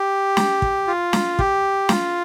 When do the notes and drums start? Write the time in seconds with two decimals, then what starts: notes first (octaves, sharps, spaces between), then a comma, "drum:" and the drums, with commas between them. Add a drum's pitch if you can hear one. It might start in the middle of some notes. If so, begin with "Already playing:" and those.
Already playing: G4
0.37 drum: snare
0.62 drum: kick
0.88 F4
1.13 drum: snare
1.39 G4, drum: kick
1.89 F4, drum: snare